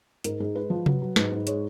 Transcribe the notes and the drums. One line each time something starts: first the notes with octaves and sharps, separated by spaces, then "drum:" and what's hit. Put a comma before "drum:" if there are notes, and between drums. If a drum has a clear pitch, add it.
G#2 A#4, drum: hi-hat
G#2 G#4
G#3 B4
F3
F#3, drum: tom C3
F#3
G#2 B4, drum: snare
G#2
G#3 C#5, drum: hi-hat